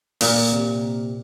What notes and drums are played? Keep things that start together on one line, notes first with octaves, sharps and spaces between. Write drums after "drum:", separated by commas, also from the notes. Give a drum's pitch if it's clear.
A#2 A#3, drum: open hi-hat
C3